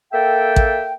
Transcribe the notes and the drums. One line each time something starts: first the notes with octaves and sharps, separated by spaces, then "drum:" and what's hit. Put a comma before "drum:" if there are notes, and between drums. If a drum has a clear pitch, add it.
A#3 A4 E5 G5
drum: kick A1